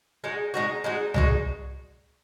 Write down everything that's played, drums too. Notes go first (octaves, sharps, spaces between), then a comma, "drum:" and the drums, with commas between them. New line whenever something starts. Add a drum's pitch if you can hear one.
G#3 D#4 F#4
G#3 D#4 F#4
G#3 D#4 F#4
G#3 D#4 F#4, drum: tom C2